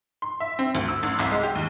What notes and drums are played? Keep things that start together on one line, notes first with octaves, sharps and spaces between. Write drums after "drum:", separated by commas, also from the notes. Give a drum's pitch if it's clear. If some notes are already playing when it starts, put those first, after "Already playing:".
C6
E5
C4
D2, drum: hi-hat
E6
A1
C2, drum: clap
G#3
G4
D#2